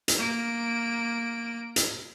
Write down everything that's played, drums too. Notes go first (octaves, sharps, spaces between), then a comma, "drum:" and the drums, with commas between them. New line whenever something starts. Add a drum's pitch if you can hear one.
drum: hi-hat
A#3 D7
drum: hi-hat